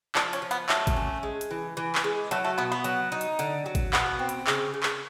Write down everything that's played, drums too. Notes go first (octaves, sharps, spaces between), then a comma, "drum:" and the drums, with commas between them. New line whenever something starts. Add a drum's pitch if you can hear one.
F3 D4, drum: clap
C#4, drum: hi-hat
F3
B3, drum: hi-hat
F#3 A3, drum: clap
drum: kick G#1, hi-hat
C#4
G#3
drum: hi-hat
E3
E3
drum: clap
G#3
F#3 A3, drum: hi-hat
A3
B2 B3
B3
F#3, drum: hi-hat
D#4
drum: hi-hat
D3, drum: hi-hat
F#3
drum: kick G#1, hi-hat
B2 B3, drum: clap
C4
drum: hi-hat
C#3, drum: clap
C#3
drum: clap